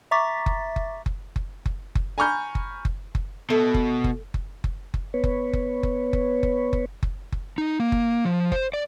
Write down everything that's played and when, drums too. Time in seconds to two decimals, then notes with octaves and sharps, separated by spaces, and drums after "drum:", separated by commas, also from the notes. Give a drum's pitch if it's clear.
0.11 E5 A#5 C#6 D6 A6 B6
0.46 drum: kick F#1
0.76 drum: kick F#1
1.06 drum: kick F#1
1.36 drum: kick F#1
1.66 drum: kick F#1
1.95 drum: kick F#1
2.18 G#5 A#5 B5 C#6 F6 G6
2.55 drum: kick F#1
2.85 drum: kick F#1
3.15 drum: kick F#1
3.50 B2 A3
3.74 drum: kick F#1
4.04 drum: kick F#1
4.34 drum: kick F#1
4.64 drum: kick F#1
4.94 drum: kick F#1
5.14 B3 B4 C#5
5.24 drum: kick F#1
5.53 drum: kick F#1
5.83 drum: kick F#1
6.13 drum: kick F#1
6.43 drum: kick F#1
6.73 drum: kick F#1
7.03 drum: kick F#1
7.32 drum: kick F#1
7.58 D#4
7.80 A#3
7.92 drum: kick F#1
8.25 F3
8.52 C5, drum: kick F#1
8.74 D5